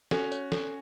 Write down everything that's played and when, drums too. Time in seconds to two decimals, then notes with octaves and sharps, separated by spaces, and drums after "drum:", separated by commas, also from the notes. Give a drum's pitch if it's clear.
0.11 C#4 F#4 A4, drum: snare
0.32 C#5, drum: tambourine
0.52 A4, drum: snare